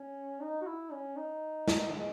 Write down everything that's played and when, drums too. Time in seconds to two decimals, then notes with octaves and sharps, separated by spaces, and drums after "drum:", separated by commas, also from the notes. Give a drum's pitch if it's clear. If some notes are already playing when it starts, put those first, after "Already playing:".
Already playing: C#4
0.40 D#4
0.62 F#4
0.66 E4
0.92 C#4
1.17 D#4
1.68 drum: snare
1.93 G#3